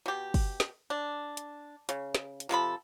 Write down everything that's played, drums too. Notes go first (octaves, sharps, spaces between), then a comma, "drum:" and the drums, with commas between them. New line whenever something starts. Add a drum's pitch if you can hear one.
B2 G4
drum: kick, open hi-hat
drum: snare
D4
drum: hi-hat
C#3, drum: hi-hat
drum: snare
drum: hi-hat
C3 F3 A4 B5